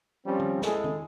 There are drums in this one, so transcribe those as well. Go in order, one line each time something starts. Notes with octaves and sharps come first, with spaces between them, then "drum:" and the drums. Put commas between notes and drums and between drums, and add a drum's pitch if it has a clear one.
F3 G3 C4 C#4
drum: tom D#3
G#3 E4 G#4 A4, drum: snare
drum: tom D#3